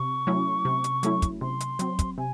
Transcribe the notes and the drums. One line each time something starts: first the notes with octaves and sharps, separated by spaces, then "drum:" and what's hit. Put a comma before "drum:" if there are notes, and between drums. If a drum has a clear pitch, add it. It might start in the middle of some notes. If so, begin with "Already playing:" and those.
Already playing: C3 C#6
F#3 A3 C#4 E4
C3
drum: hi-hat
F#3 A3 C#4 E4, drum: hi-hat
drum: kick, hi-hat
C3 C6
drum: hi-hat
F#3 C4, drum: hi-hat
drum: kick, hi-hat
C3 G#5